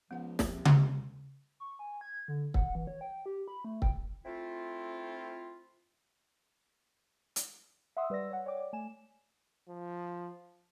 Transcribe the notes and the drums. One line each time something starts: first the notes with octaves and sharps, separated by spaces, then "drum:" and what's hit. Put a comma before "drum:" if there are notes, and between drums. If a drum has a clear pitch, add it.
C#2 F3 B3 F#5
C3, drum: snare
D#2 C5, drum: tom C#3
C#6
G#5
G#6
D3
F#5, drum: kick
E3
C#5
G5
G4
B5
A3
G5, drum: kick
A3 C4 E4 F4
drum: hi-hat
E5 F#5 C6 D#6 E6
G3 B4 D5 E6 A#6
C#5 F#5
C#5 D5 G5 D6
D5
A3 G#5 E7
F3